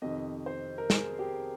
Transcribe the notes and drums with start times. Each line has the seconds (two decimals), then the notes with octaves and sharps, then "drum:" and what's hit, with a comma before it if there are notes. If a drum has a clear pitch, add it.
0.02 F2 C3 D#3 D#5
0.46 C5
0.78 A#4
0.90 G#4, drum: snare
1.19 G4